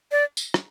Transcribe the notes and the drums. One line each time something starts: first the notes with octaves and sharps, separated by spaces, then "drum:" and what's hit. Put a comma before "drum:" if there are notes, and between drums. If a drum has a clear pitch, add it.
D5
drum: tambourine
drum: rim click